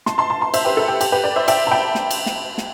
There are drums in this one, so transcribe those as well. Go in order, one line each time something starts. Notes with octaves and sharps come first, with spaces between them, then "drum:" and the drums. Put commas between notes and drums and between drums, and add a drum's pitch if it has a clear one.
A5 C6, drum: snare
A5 C6
A5 C6
A5 C6
C5 E5, drum: cymbal
G4 B4
A4
G4
G4, drum: cymbal
G4 B4
B4 D5
C5 E5
E5 G5, drum: cymbal
A5
G5 B5
drum: snare
drum: cymbal
drum: snare
drum: snare